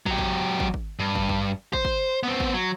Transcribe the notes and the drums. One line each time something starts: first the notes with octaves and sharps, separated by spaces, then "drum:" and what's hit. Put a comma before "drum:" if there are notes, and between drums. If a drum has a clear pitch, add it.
F#3 G4, drum: kick
drum: kick
drum: kick
drum: kick
G2
drum: kick
drum: kick
C5, drum: kick
drum: kick
B3 C4
drum: kick
F#3